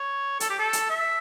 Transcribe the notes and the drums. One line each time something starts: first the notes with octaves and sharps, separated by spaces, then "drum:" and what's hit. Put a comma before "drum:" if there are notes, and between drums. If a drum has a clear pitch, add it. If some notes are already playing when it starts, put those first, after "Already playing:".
Already playing: C#5
A4, drum: hi-hat
G4
A4
drum: hi-hat
E5